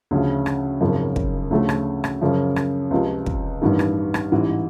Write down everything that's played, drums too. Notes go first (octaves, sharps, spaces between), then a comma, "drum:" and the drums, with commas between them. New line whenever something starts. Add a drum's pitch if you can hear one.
D2 C#3 F3
drum: rim click
G#1 F#2 C#3 F3
drum: kick
D2 C#3 F3 A3
drum: rim click
drum: rim click
F#2 C#3 F3
drum: rim click
C#2 C3 F3
drum: kick
A1 G2 D#3
drum: rim click
drum: rim click
A1 G#2 E3 G3